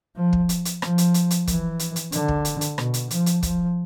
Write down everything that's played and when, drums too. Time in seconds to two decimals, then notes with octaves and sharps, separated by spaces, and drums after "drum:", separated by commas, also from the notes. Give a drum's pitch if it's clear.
0.16 F3
0.33 drum: kick
0.49 drum: hi-hat
0.65 drum: hi-hat
0.82 F3, drum: rim click
0.98 drum: hi-hat
1.14 drum: hi-hat
1.31 drum: hi-hat
1.47 E3, drum: kick, hi-hat
1.79 drum: hi-hat
1.96 drum: hi-hat
2.12 D3, drum: hi-hat
2.28 drum: kick
2.45 drum: hi-hat
2.61 drum: hi-hat
2.78 B2, drum: rim click
2.94 drum: hi-hat
3.11 F3, drum: hi-hat
3.26 drum: hi-hat
3.43 F3, drum: kick, hi-hat